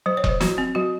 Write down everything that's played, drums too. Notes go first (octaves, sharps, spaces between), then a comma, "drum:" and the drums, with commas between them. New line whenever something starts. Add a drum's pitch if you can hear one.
F#3 C5
C#5
F#3, drum: kick E1
C5
F#3 F#4, drum: snare
C4
F#3 F#4